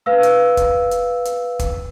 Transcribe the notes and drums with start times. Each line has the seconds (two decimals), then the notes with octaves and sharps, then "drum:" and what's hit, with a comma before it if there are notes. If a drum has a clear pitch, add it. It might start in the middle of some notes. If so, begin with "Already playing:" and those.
0.06 B4 F5 E6
0.23 drum: hi-hat
0.57 drum: kick, hi-hat
0.91 drum: hi-hat
1.25 drum: hi-hat
1.59 drum: kick, hi-hat